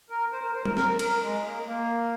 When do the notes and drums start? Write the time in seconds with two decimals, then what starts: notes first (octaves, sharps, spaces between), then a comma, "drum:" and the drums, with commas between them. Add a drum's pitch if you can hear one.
0.10 A#4
0.32 C5
0.43 A#4
0.55 C5
0.65 A#4, drum: tom F#3
0.77 A#4, drum: snare
0.99 A#4, drum: cymbal
1.22 G#3
1.44 A#3
1.66 A#3